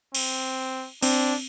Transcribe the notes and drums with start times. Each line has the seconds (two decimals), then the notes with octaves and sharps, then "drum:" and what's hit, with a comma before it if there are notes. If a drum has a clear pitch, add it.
0.15 C4, drum: cymbal
1.02 C4 D4, drum: cymbal